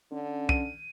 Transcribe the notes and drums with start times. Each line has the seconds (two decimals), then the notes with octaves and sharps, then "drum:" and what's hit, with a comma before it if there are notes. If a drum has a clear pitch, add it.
0.12 D3 C#4
0.49 D#7, drum: kick B1